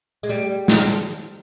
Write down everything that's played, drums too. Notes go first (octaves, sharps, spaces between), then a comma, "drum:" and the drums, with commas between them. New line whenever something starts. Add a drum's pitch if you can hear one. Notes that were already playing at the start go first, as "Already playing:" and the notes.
G#3
G3
F#3, drum: snare
F3